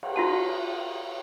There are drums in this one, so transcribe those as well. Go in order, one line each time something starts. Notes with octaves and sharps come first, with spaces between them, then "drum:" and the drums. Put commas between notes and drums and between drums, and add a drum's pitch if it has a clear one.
drum: cymbal
F4 F#4 A5